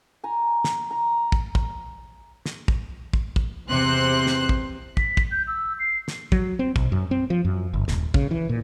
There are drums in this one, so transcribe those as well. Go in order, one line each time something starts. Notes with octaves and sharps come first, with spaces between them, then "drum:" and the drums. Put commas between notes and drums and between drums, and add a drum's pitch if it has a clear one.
G#5 A#5
drum: snare
A#5
drum: kick
drum: kick
drum: snare
drum: kick
drum: kick
drum: kick
E2 C3 C5 C6 F#6
drum: snare
drum: kick
B6, drum: kick
drum: kick
G6
E6
C7
drum: snare
F#3, drum: kick
C4
B1, drum: kick
F#2
C4
F3
F#2
G1
D#1, drum: snare
C#3, drum: kick
E3
A#2